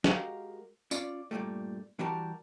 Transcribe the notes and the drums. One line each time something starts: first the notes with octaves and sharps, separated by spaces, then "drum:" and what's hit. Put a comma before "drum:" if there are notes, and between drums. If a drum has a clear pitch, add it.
G#3 F#4 G4 A#4 F5, drum: snare
C#4 F4 D5, drum: tambourine
G2 A#2 E3 F3 G3 A3
E3 G3 F#4 G4 A#4 A5